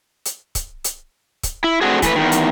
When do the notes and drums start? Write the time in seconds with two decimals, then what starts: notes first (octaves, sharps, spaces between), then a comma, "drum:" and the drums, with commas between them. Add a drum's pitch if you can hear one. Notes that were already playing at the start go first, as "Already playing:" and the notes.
0.26 drum: hi-hat
0.55 drum: kick C#1, hi-hat
0.84 drum: hi-hat
1.43 drum: kick C#1, hi-hat
1.64 E4
1.81 A3 C4 D4 F#4 G#4
2.02 E3 A3 B4, drum: kick C#1, hi-hat
2.16 E2 G2 D#3
2.32 drum: hi-hat